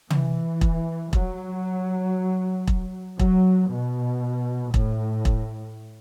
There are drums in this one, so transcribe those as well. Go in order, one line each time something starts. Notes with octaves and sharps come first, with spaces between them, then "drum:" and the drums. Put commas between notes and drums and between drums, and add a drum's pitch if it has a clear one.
E3, drum: tom
drum: kick E1
F#3, drum: kick E1
drum: kick E1
F#3, drum: kick E1
B2
A2, drum: kick E1
drum: kick E1